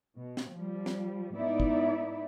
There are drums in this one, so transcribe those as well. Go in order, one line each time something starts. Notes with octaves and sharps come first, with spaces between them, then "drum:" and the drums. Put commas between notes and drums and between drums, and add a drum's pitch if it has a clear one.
B2
drum: snare
F3 G3
drum: snare
G#2 B3 D#4 E4 D5 E5
drum: kick